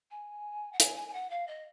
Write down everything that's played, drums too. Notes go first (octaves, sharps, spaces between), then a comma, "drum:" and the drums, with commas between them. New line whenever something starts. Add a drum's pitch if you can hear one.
G#5
F#5
G#5, drum: hi-hat
G#5
G#5
F#5
F5
D#5